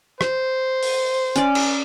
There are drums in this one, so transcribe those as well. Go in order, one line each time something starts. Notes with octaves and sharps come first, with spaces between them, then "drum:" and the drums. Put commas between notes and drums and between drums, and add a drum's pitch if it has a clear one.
C5, drum: rim click
drum: open hi-hat
C#4 D5, drum: hi-hat
drum: cymbal